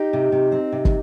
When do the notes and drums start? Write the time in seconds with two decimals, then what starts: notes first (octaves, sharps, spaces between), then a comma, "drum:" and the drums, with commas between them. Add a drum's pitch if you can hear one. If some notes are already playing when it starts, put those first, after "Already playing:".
Already playing: D#4 G4
0.13 C3
0.32 C3
0.52 C4
0.72 C3
0.85 drum: kick